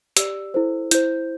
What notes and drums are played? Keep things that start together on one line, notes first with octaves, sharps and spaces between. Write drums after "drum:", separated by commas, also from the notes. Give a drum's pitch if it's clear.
G4 D5 E6, drum: hi-hat
E4 A4 C5
E4 C5 G6, drum: hi-hat